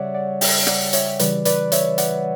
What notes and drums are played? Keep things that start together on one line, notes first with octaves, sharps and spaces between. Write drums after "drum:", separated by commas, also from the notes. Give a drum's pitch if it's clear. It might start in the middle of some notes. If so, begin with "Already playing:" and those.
Already playing: C#3 G3 C#5 D5 E5 F#5
D5 F#5
E5 G5, drum: open hi-hat
D5 F#5, drum: rim click
C#5 E5, drum: hi-hat
C#3 E3 G3 B4 D5, drum: hi-hat
B4 D5, drum: hi-hat
C#5 E5, drum: hi-hat
D5 F#5, drum: hi-hat